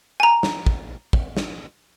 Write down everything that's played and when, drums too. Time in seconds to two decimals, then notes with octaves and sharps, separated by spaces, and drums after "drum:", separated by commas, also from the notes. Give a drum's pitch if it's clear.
0.20 G#5 A#5
0.43 drum: snare
0.67 drum: kick
1.13 drum: kick
1.37 drum: snare